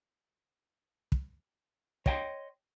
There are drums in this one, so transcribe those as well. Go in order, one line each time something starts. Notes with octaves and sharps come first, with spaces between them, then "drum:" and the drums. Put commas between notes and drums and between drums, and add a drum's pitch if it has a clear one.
drum: kick
C#5 D#5 G5 G#5 C6, drum: kick